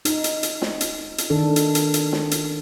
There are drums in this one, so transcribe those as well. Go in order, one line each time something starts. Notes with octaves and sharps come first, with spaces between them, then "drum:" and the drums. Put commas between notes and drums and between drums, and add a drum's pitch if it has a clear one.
D#4, drum: hi-hat
drum: hi-hat
drum: hi-hat
drum: snare
drum: hi-hat
drum: hi-hat
D#3 D4 A4
drum: hi-hat
drum: hi-hat
drum: hi-hat
drum: snare
drum: hi-hat